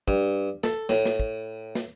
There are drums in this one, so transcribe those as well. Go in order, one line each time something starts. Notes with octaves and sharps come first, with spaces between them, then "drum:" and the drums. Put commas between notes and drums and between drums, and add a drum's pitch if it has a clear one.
G2, drum: kick
A4, drum: snare
A2, drum: snare
drum: snare
drum: kick
drum: snare